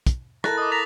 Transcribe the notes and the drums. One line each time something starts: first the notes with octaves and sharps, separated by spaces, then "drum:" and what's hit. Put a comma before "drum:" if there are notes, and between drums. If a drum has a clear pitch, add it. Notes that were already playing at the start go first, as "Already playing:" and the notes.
drum: kick, hi-hat
E4 A4 A#4 A#5 F#6 A6, drum: rim click
D#5 D6 D#6
A#5 A6 B6 F7